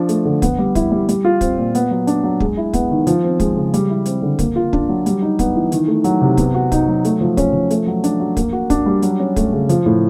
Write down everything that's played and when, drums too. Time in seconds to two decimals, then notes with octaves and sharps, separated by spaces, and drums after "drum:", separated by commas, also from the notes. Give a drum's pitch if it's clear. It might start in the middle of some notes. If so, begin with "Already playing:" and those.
Already playing: F3 D4
0.09 A3, drum: hi-hat
0.25 D3
0.42 B3, drum: kick, hi-hat
0.59 G3
0.75 E4, drum: kick, hi-hat
0.92 G3
1.09 G3, drum: hi-hat
1.25 F4
1.41 C4, drum: kick, hi-hat
1.58 A#2
1.75 B3, drum: hi-hat
1.91 F#3
2.07 D4, drum: hi-hat
2.24 F#3
2.40 G#3, drum: kick
2.57 E4
2.73 B3, drum: kick, hi-hat
2.91 D#3
3.07 F3, drum: hi-hat
3.24 C4
3.40 G#3, drum: kick, hi-hat
3.56 C#3
3.74 G3, drum: hi-hat
3.90 E4
4.06 C4, drum: hi-hat
4.22 D3
4.39 A#3, drum: kick, hi-hat
4.56 F4
4.73 D4, drum: kick
4.89 F#3
5.06 G3, drum: hi-hat
5.22 D#4
5.39 B3, drum: kick, hi-hat
5.56 E3
5.72 D#3, drum: hi-hat
5.88 A3
6.04 F#3, drum: hi-hat
6.21 C3
6.37 B3, drum: kick, hi-hat
6.54 F#4
6.72 D#4, drum: kick, hi-hat
6.88 F#3
7.05 A3, drum: hi-hat
7.21 F3
7.37 C#4, drum: kick, hi-hat
7.53 F3
7.70 A3, drum: hi-hat
7.87 F#3
8.04 D4, drum: hi-hat
8.20 F#3
8.37 A#3, drum: kick, hi-hat
8.53 F#4
8.70 D4, drum: kick, hi-hat
8.86 G3
9.02 F#3, drum: hi-hat
9.20 C#4
9.36 A3, drum: kick, hi-hat
9.52 C#3
9.69 F3, drum: hi-hat
9.86 A2